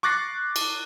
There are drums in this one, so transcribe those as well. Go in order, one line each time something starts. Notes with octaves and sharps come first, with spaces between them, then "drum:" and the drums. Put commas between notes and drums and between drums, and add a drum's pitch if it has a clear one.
C#6 D6 F#6 A6 A#6 C7
drum: cymbal